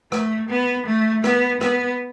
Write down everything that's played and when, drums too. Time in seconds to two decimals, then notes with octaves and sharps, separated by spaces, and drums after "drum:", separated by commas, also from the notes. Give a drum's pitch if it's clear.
0.12 A3, drum: rim click
0.49 B3
0.86 A3
1.24 B3, drum: rim click
1.61 B3, drum: rim click